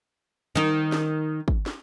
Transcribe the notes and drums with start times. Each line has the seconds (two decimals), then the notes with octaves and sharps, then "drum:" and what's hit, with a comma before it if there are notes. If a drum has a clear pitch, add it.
0.55 D#3 D#4
0.92 drum: snare
1.48 drum: kick
1.66 drum: snare